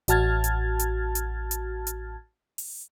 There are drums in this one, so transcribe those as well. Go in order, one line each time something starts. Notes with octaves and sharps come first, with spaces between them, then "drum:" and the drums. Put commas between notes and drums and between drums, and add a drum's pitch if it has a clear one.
A1 F#4 A5 F6 G#6 A6, drum: hi-hat
drum: hi-hat
drum: hi-hat
drum: hi-hat
drum: hi-hat
drum: hi-hat
drum: open hi-hat